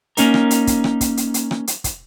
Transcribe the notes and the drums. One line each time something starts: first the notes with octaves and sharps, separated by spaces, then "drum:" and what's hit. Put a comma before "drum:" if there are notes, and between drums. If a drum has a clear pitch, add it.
A#3 C#4 D#4 A#4, drum: hi-hat
drum: rim click
drum: hi-hat
drum: kick, hi-hat
drum: rim click
drum: kick, hi-hat
drum: hi-hat
drum: hi-hat
drum: rim click
drum: hi-hat
drum: kick, hi-hat